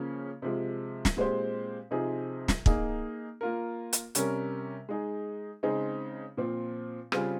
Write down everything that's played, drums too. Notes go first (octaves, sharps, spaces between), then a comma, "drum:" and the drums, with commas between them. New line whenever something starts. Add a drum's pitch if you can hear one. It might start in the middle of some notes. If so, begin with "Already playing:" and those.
Already playing: C#3 F3 A#3 C#4
C3 F3 G#3
drum: snare
A#2 G#3 C4 G4 C5
C3 F3 C4 D#4 G#4
drum: snare
A#3 D#4 G#4, drum: kick
A#3 F4 A#4
drum: hi-hat
C3 G3 C#4 G4 A#4, drum: hi-hat
G#3 D#4 G#4
C#3 G#3 C4 D#4 G#4
A#2 F3 C4
C#3 G3 C4 F4 G#4, drum: rim click